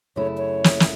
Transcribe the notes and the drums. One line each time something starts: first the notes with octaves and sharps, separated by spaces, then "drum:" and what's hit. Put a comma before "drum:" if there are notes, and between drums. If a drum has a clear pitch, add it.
F#2 C#3 A3 E4 C#5
C#5
drum: snare
drum: snare